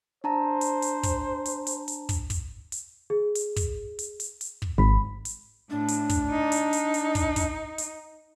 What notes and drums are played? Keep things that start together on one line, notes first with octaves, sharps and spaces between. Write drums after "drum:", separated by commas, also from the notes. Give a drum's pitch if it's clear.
D4 C5 A5 A#5
drum: hi-hat
drum: hi-hat
drum: kick, hi-hat
drum: hi-hat
drum: hi-hat
drum: hi-hat
drum: kick, hi-hat
drum: kick, hi-hat
drum: hi-hat
G#4
drum: hi-hat
drum: kick, hi-hat
drum: hi-hat
drum: hi-hat
drum: hi-hat
drum: kick
G#1 B5 B6
drum: hi-hat
A2 D4
drum: hi-hat
drum: kick, hi-hat
D#4
drum: hi-hat
drum: hi-hat
drum: hi-hat
drum: kick, hi-hat
drum: kick, hi-hat
drum: hi-hat